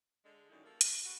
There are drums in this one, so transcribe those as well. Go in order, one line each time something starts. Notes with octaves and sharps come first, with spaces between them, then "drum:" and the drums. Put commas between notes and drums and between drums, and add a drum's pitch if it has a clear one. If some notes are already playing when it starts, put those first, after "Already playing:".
D3 G#3
F#2 D#3 G3 D#4 E4
F3 A#3 A4 A#4
drum: hi-hat
B3 F#4